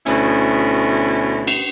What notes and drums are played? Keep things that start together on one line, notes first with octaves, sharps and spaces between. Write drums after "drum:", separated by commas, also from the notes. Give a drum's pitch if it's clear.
D2 B2 C#4 E4, drum: hi-hat
drum: cymbal